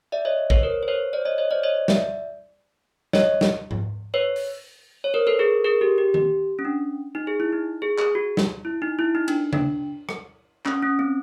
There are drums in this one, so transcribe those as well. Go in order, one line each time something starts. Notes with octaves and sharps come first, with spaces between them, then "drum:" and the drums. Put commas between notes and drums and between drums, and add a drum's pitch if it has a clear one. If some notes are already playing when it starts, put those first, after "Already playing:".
D5 E5
C#5 D#5
B4 C#5, drum: kick
A#4 C5
C5
B4 C#5
C5 D5
C#5 D#5
C#5 D#5
C5 D5
C#5 D#5
D5 E5, drum: snare
C#5 D#5, drum: snare
drum: snare
drum: tom G#2
B4 C#5
drum: open hi-hat
C#5
A#4 C5
A4 B4
G#4 A#4
G#4 A#4
G4 A4
G4
G4, drum: tom D#3
C#4
D4
D#4
G#4
E4
D#4
G#4
G#4, drum: clap
F#4
drum: snare
E4
D#4
E4
D#4
D4, drum: cymbal
D4, drum: tom C#3
drum: rim click
C#4, drum: clap
C#4
C4